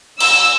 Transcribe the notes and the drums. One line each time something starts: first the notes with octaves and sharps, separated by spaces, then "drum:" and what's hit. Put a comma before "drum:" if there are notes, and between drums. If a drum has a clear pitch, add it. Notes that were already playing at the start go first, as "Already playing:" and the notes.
E6, drum: cymbal